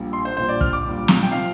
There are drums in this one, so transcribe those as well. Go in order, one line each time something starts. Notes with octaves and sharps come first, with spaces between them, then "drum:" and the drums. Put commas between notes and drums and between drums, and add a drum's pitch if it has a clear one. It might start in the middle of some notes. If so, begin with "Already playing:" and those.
Already playing: A#1 A#2 G3
C6
C5
A#1 A#2 G3 C5
D5
F6, drum: kick
D6
A#1 A#2 G3
drum: snare
G5
C3 F3 F5